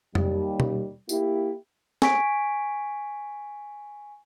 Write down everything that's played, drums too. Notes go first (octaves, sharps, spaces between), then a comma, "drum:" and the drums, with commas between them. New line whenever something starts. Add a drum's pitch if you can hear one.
D#2 G3, drum: tom F2
drum: tom
A#3 E4 G4, drum: tambourine
G#5 C#6 B6 D7, drum: snare